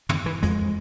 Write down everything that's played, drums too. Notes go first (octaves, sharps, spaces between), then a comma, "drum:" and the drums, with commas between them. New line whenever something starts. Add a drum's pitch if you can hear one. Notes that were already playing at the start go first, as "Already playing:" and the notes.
D3, drum: tom
E3
F2 G#3, drum: hi-hat